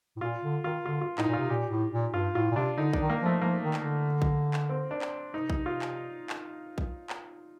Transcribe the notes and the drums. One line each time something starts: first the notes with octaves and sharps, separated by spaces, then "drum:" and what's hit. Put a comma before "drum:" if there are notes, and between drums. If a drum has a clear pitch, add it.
A2
A#2 F4
D3
D#3 F4
D3 F4
F4
A2 D#4, drum: clap
A#2
F4
C3
A#2 G4
A2
A#2
G2 F4
A2 F4
A#2
C3 D4
D3 D#4
D4, drum: kick A#1
D#3
A#3
F3 A3
F3 A#3
D#3
drum: clap
D3
drum: kick A#1
drum: clap
C4
D4
drum: clap
C3 D#4
D#4, drum: kick A#1
F4
drum: clap
drum: clap
drum: kick A#1
drum: clap